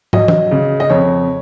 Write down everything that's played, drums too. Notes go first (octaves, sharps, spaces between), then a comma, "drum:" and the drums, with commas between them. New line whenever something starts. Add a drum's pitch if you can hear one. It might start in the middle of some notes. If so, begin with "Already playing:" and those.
F#3 D#5, drum: tom
drum: tom
C#3
D#5
F2 C#5